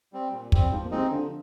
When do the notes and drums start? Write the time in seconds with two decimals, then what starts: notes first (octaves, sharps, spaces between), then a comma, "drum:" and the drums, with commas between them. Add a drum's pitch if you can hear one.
0.13 G3 C4
0.32 A#2
0.52 G3 C4, drum: kick
0.72 G#2 F3
0.85 A#2
0.91 G#3 C4 D#4
0.98 C3
1.11 D3 F3